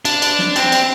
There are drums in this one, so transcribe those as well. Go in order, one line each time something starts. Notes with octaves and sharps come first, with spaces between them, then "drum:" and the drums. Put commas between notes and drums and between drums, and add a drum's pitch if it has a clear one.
D4, drum: cymbal
drum: cymbal
drum: snare
C4, drum: cymbal
drum: cymbal